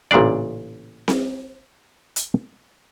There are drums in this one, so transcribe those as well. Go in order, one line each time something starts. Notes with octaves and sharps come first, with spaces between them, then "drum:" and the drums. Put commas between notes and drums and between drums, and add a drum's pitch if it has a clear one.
A1 A#2 C#3 D4 D5
drum: snare C4
drum: hi-hat